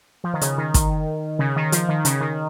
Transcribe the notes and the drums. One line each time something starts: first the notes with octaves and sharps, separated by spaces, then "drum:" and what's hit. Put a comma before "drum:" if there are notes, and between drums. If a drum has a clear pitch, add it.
F3
D#3
C#3, drum: hi-hat
D#3
drum: kick, hi-hat
C#3
D#3
F3, drum: hi-hat
D#3
C#3, drum: hi-hat
D#3